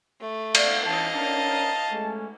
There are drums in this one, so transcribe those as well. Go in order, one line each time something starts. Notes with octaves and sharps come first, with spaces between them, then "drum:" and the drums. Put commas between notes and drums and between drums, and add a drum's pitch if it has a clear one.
A3
D5 F5, drum: cymbal
E3 C#4 D#5 F5 G5 A5
C#4 D4 A#4 A5
G#3 A3 C#4